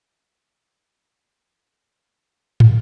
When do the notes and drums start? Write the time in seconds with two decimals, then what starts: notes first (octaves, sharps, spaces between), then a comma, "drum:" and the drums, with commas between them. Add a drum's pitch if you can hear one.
1.64 A4 A#4 A5 A#5 E6 F#6
2.60 drum: tom